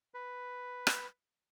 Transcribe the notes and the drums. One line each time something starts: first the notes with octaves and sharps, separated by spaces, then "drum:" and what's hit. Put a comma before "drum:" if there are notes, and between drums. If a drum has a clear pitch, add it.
B4
drum: rim click